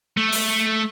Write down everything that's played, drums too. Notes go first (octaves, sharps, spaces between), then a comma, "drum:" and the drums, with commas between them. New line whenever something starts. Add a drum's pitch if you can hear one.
A3
drum: open hi-hat